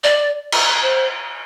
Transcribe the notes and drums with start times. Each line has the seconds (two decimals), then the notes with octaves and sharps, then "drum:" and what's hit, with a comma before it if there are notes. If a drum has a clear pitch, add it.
0.04 D5
0.52 drum: cymbal
0.82 C5